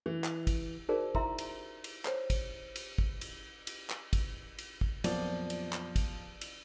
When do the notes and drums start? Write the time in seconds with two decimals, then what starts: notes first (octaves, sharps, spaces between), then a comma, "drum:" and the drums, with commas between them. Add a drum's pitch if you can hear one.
0.06 E3
0.24 drum: clap
0.47 drum: kick, cymbal
0.89 D#4 F#4 G#4 A#4 C5 D5
1.15 E4 E5 A#5 C6 E6, drum: kick
1.38 drum: cymbal
1.84 drum: cymbal
2.05 C5 C#5, drum: clap
2.30 drum: kick, cymbal
2.76 drum: cymbal
2.98 drum: kick
3.21 drum: cymbal
3.67 drum: cymbal
3.90 drum: clap
4.13 drum: kick, cymbal
4.58 drum: cymbal
4.81 drum: kick
5.04 F2 A#2 F3 F#3 B3 D5, drum: cymbal
5.50 drum: cymbal
5.73 drum: clap
5.96 drum: kick, cymbal
6.41 drum: cymbal